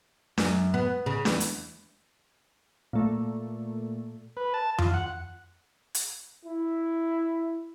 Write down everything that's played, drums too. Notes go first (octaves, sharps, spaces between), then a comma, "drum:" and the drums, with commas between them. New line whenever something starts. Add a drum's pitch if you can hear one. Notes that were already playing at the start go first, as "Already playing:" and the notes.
F#2, drum: snare D4
B3
C#3
E2, drum: snare D4
drum: hi-hat
A#2 A3
B4
A5
F4, drum: tom F2
F#5
drum: hi-hat
E4